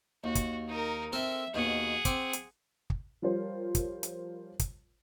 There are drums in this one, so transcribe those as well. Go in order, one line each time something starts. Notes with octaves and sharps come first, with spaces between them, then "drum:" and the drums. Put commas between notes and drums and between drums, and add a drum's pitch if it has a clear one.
D#2 F#4
drum: kick, hi-hat
D#4 A#4
C4 A4 A#4 E5
D#2 B2 G#4 F#5
C4 D6, drum: kick, hi-hat
drum: hi-hat
drum: kick
F3 G3 F4 A#4 C5 C#5
drum: kick, hi-hat
drum: hi-hat
drum: kick, hi-hat